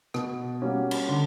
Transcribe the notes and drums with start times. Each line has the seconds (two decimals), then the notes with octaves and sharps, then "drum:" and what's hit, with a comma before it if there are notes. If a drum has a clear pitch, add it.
0.14 B2, drum: rim click
0.62 G3 A#3 C#4 F#4
0.91 drum: cymbal
1.09 D3